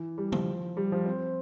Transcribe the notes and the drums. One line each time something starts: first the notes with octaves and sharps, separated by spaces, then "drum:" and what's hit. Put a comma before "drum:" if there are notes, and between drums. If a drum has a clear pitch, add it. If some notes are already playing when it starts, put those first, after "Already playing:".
Already playing: E3
G3
F3, drum: tom
G3
F3
C4